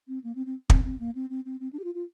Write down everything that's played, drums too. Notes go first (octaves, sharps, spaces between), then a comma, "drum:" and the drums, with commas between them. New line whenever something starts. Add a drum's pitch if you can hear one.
C4
A#3
C4
C4
C4, drum: kick
C4
A#3
C4
C4
C4
C4
D4
G4
F4
F4